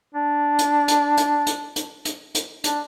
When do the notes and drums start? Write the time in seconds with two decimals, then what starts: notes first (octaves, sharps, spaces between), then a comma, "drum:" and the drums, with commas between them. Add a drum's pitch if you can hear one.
0.15 D4
0.59 drum: hi-hat
0.88 drum: hi-hat
1.17 drum: hi-hat
1.47 drum: hi-hat
1.76 drum: hi-hat
2.05 drum: hi-hat
2.34 drum: hi-hat
2.64 D4, drum: hi-hat